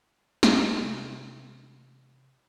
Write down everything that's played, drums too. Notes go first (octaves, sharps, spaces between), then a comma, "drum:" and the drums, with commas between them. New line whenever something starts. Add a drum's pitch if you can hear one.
drum: snare
C3 E3